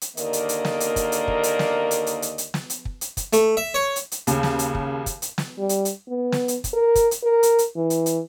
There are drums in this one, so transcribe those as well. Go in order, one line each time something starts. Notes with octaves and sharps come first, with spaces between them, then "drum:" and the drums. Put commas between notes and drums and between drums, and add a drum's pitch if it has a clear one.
drum: hi-hat
D#2 D3 A#3 A#4 D5 D#5, drum: hi-hat
drum: hi-hat
drum: hi-hat
drum: snare
drum: hi-hat
drum: kick, hi-hat
drum: hi-hat
drum: kick
drum: hi-hat
drum: snare
drum: hi-hat
drum: hi-hat
drum: hi-hat
drum: hi-hat
drum: snare
drum: hi-hat
drum: kick
drum: hi-hat
drum: kick, hi-hat
A3, drum: hi-hat
E5
C#5
drum: hi-hat
drum: hi-hat
D#2 C#3, drum: hi-hat
drum: snare
drum: hi-hat
drum: kick
drum: kick, hi-hat
drum: hi-hat
drum: snare
G3
drum: hi-hat
drum: hi-hat
B3
drum: snare
drum: hi-hat
drum: kick, hi-hat
A#4
drum: kick, hi-hat
drum: hi-hat
A#4
drum: hi-hat
drum: hi-hat
E3
drum: hi-hat
drum: hi-hat